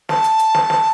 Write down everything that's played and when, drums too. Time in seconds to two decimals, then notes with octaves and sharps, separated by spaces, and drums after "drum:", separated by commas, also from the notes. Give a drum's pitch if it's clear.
0.09 A5, drum: snare
0.24 drum: hi-hat
0.39 drum: hi-hat
0.55 drum: snare
0.70 drum: snare